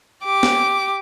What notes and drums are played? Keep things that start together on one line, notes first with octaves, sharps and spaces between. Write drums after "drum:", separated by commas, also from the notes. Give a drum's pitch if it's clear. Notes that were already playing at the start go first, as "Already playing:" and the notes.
G4 D6
drum: snare